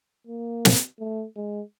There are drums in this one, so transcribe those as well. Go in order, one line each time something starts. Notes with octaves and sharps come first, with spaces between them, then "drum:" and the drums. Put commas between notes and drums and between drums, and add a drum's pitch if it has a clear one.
A#3
drum: snare
A3
G#3